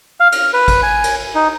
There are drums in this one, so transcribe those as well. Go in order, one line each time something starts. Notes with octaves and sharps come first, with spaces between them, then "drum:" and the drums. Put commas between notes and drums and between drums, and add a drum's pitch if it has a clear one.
F5
F6, drum: cymbal
B4
drum: kick G#1, cymbal
G#5
drum: cymbal
D#4